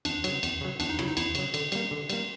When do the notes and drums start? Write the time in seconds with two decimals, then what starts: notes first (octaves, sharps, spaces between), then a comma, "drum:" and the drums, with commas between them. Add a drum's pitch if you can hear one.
0.05 E2 D4, drum: cymbal
0.24 C#3 F#3, drum: cymbal
0.43 E2, drum: cymbal
0.61 C#3 F#3
0.80 E2 D4, drum: cymbal
0.90 D#4
0.99 C#3 F#3 E4, drum: rim click
1.07 D#4
1.17 E2 E4, drum: cymbal
1.35 C#3 F#3, drum: cymbal
1.54 D3, drum: cymbal
1.72 G3 A#3, drum: cymbal
1.91 D3
2.10 G3 A#3, drum: cymbal